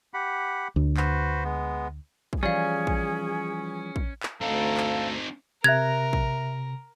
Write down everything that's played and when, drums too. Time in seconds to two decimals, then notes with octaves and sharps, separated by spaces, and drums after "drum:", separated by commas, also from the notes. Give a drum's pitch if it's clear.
0.14 G4 F#5 B5
0.76 D2
0.97 F#4 B4 C5, drum: clap
1.44 G#3 B3
2.33 drum: kick
2.43 E3 F3 G3 C#4 G#4 D5 F5
2.87 drum: kick
3.96 drum: kick
4.23 drum: clap
4.41 D2 C4 D#4 A4 F5 A#5
4.77 drum: clap
5.64 C3 A#4 E5 F#6 G#6 A#6 F7
6.13 drum: kick